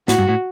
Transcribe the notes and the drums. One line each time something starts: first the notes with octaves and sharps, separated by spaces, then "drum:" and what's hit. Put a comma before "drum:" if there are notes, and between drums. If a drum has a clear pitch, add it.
A2 F#4, drum: snare
G2
A2